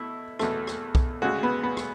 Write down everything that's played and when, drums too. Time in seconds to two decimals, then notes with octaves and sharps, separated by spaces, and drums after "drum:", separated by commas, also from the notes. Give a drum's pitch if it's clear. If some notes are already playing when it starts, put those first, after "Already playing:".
Already playing: B2 A3 E4
0.39 E2 B2 A3, drum: rim click
0.67 drum: rim click
0.95 drum: kick B1
1.22 D2 C#3 G#3 F#4
1.43 B3
1.63 B3
1.77 drum: rim click